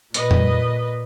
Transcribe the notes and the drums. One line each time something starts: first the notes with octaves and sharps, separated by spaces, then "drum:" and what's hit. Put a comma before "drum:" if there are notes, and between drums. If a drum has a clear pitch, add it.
A#2 B4 D#5, drum: hi-hat
drum: tom F2